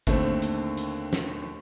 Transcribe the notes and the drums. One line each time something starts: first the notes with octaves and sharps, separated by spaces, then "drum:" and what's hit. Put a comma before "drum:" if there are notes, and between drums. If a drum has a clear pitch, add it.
D#2 D3 A3 C4, drum: kick G#1, hi-hat
drum: hi-hat
drum: hi-hat
drum: snare